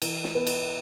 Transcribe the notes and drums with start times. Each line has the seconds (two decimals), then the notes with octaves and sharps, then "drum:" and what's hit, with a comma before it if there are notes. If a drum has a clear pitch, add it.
0.02 E3, drum: cymbal
0.24 drum: snare
0.35 B3
0.47 drum: cymbal